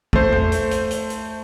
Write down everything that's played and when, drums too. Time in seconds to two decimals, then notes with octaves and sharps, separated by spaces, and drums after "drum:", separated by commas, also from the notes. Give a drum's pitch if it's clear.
0.13 A3 C5, drum: kick
0.32 drum: tom E2
0.52 drum: hi-hat
0.71 drum: hi-hat
0.91 drum: hi-hat
1.10 drum: hi-hat